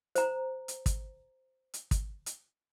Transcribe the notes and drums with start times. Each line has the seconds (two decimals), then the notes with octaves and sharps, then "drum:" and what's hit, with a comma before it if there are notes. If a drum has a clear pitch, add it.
0.15 C5 A#5, drum: hi-hat
0.68 drum: hi-hat
0.86 drum: kick, hi-hat
1.74 drum: hi-hat
1.91 drum: kick, hi-hat
2.26 drum: hi-hat